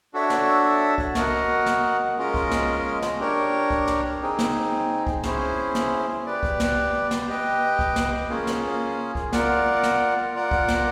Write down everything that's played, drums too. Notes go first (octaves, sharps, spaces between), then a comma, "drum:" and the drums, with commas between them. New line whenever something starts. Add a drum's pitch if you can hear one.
D4 F#4 A4 C#5 E5
drum: snare
drum: kick
F#4 A#4 D#5 F#5, drum: snare
drum: snare
G#3 C#4 F4 A#4 D#5
drum: kick
drum: snare
drum: snare
D4 G4 A#4 C#5
drum: kick
drum: snare
C4 D#4 G#4
drum: snare
drum: kick
C#4 E4 G#4 C5, drum: snare
drum: snare
G4 B4 D5
drum: kick
drum: snare
drum: snare
G4 B4 D#5 G5
drum: kick
drum: snare
A#3 C#4 F4 G#4
drum: snare
drum: kick
F4 A#4 D5 F#5, drum: snare
drum: snare
F4 A#4 D5 F#5
drum: kick
drum: snare